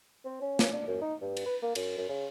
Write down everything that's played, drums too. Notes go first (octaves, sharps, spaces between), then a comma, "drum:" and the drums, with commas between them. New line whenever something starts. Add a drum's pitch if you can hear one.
C4
C#4
drum: snare
D4
F#2
D#4
G2
drum: cymbal
B4
A#3
F#2, drum: cymbal
F#2
C#3